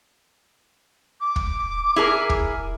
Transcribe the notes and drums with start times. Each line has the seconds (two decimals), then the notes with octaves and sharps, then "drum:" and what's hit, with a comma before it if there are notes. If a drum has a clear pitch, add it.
1.20 D6
1.36 drum: kick
1.96 E4 G#4 A#4
2.30 drum: kick